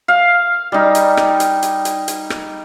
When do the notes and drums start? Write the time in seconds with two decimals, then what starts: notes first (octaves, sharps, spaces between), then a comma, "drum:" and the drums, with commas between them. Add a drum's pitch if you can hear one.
0.08 F5
0.72 G3 D#4
0.95 drum: hi-hat
1.17 drum: rim click
1.40 drum: hi-hat
1.63 drum: hi-hat
1.85 drum: hi-hat
2.08 drum: hi-hat
2.30 drum: rim click